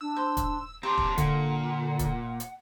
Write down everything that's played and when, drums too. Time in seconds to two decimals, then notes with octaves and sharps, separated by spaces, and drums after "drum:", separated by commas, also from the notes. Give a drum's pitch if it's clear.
0.01 D4 E6
0.16 C5
0.37 drum: kick, hi-hat
0.83 C4 D4 G4 A#5 C6
0.98 drum: kick
1.18 A#2 D3 F#5, drum: kick, hi-hat
1.99 drum: kick, hi-hat
2.40 drum: hi-hat